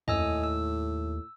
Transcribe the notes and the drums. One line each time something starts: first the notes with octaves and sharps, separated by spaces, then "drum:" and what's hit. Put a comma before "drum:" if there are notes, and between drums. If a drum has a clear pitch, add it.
D#2 A2 D#5 G#5 E6, drum: tom F2
E6